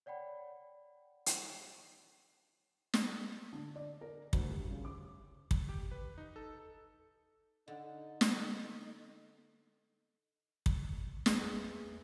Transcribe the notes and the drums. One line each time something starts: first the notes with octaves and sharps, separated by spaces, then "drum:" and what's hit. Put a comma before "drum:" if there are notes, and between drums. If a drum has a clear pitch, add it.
C#5 D5 F#5 G5 B5
drum: hi-hat
drum: snare
D3
D5
A#4
D2, drum: kick
G3
C#3
D6
drum: kick
G4
B4
D#4
A4
D3 D#4
drum: snare
drum: kick
E2 G#4 C6, drum: snare